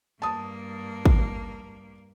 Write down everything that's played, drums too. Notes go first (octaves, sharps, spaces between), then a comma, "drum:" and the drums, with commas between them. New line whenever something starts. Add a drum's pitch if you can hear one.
G2 A#3 A5 D#6
drum: kick